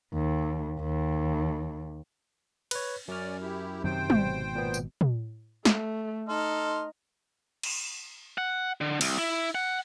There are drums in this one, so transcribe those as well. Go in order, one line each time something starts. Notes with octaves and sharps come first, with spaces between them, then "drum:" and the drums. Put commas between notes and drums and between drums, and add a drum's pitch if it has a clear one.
D#2
D#2
B4 C#5, drum: cymbal
F#2 C#4 D5 F6
E4 G4
F#2 C3 D#3 F#3 C5 G5
G#1 B2, drum: tom
A#2 B3
drum: tambourine
drum: tom
A3, drum: snare
D#4 A4 C6 F6
drum: cymbal
F#5
D3
C2, drum: cymbal
E4
F#5